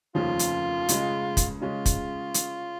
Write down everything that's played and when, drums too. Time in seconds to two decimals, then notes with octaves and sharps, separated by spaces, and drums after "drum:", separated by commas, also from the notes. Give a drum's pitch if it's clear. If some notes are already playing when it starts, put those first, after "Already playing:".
0.15 F1 D#2 C#3 F3 C#4 F4
0.39 drum: hi-hat
0.89 C#2 C#3 G#3, drum: hi-hat
1.37 drum: kick, hi-hat
1.61 C#3 G#3 C#4 F4
1.86 drum: kick, hi-hat
2.34 drum: hi-hat